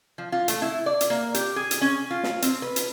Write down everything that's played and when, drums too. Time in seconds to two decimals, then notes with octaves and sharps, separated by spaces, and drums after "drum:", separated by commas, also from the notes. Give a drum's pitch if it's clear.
0.18 F3
0.32 F4
0.48 A3, drum: hi-hat
0.62 E4
0.86 D5
1.01 drum: hi-hat
1.10 A#3
1.34 G4, drum: hi-hat
1.56 G#4
1.71 drum: hi-hat
1.81 C#4
2.11 F4
2.23 drum: snare
2.42 C4, drum: hi-hat
2.62 B4
2.76 drum: hi-hat